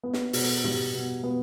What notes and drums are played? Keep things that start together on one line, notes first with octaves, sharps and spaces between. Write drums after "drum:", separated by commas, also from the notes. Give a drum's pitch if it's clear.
B3
drum: snare
B2, drum: open hi-hat
G3, drum: tom
B2
B3